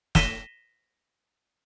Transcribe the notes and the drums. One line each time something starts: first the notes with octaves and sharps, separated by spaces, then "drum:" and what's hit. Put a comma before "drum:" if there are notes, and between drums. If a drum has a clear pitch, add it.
A#6 B6 D#7 E7 G7, drum: snare